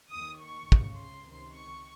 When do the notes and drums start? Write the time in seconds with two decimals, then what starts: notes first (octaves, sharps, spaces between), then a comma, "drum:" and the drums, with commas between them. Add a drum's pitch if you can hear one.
0.10 D#2 D#3 D#6
0.39 C#6
0.67 C#2
0.72 C#3, drum: kick
0.96 C6
1.24 C#2 C3 D#3
1.54 C#6